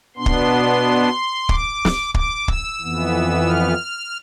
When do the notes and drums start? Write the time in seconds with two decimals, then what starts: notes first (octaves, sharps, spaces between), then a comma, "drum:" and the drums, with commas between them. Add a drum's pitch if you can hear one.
0.16 B2 B3 D4 C6
0.26 drum: kick
1.49 D6, drum: kick
1.85 drum: snare
2.14 D6, drum: kick
2.48 E6, drum: kick
2.81 F2 E3 B3
3.48 F6